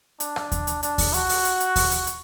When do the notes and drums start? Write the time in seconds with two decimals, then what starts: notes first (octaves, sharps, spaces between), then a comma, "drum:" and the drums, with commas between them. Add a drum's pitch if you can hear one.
0.20 D4, drum: hi-hat
0.36 drum: rim click
0.52 drum: kick D#2, hi-hat
0.67 drum: hi-hat
0.83 D4, drum: hi-hat
0.98 drum: kick D#2, open hi-hat
1.14 F#4, drum: hi-hat
1.29 drum: open hi-hat
1.45 drum: hi-hat
1.60 drum: hi-hat
1.76 drum: kick D#2, open hi-hat
1.91 drum: hi-hat
2.07 drum: hi-hat